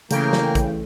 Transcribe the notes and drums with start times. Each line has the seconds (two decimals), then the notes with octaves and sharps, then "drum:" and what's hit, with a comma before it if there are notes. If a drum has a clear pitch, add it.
0.11 C#3 E3 A3 A#3 A#4 G5, drum: hi-hat
0.33 drum: snare
0.55 drum: kick A1, hi-hat